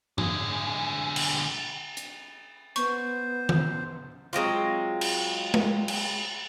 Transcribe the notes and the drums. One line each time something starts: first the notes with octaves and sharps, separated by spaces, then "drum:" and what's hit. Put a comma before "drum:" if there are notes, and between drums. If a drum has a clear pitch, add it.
D3 G#4, drum: tom G#2
drum: cymbal
drum: hi-hat
B3 C5 C#6, drum: hi-hat
drum: tom D#3
F#3 G#3 C4 F4
drum: cymbal
drum: tom G#3
drum: cymbal